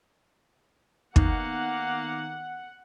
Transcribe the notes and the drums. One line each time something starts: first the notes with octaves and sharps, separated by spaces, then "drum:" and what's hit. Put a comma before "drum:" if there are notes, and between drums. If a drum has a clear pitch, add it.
D#3 A#3 B3 D#4 F#5, drum: kick